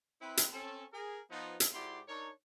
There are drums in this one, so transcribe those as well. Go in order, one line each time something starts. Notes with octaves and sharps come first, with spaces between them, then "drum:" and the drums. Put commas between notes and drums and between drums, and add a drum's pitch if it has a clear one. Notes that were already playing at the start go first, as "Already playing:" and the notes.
C4 E4 B4
drum: hi-hat
C4 C#4 A4
G#4 A#4
F3 B3 D#4
drum: hi-hat
G#2 E4 F#4 G4 D5 C6
D4 D#4 A#4 C#5